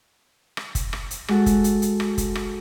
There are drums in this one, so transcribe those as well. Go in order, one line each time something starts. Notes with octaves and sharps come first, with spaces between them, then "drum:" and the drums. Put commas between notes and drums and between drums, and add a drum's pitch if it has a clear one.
drum: rim click
drum: kick, hi-hat
drum: rim click
drum: hi-hat
G#3 F#4 A4, drum: rim click
drum: kick, hi-hat
drum: hi-hat
drum: hi-hat
drum: rim click
drum: kick, hi-hat
drum: rim click